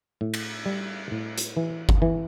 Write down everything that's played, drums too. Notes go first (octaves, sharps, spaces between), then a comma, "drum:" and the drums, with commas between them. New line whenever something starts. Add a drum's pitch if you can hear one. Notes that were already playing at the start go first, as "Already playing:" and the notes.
A2
drum: cymbal
G3
A2
drum: hi-hat
E3
drum: kick G1
E3